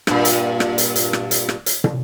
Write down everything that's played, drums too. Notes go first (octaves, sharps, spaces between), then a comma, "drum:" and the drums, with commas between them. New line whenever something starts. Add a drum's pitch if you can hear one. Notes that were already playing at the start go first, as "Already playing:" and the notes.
G2 A#2, drum: rim click
drum: hi-hat
drum: rim click
drum: hi-hat
drum: hi-hat
drum: rim click
drum: hi-hat
drum: rim click
drum: hi-hat
drum: tom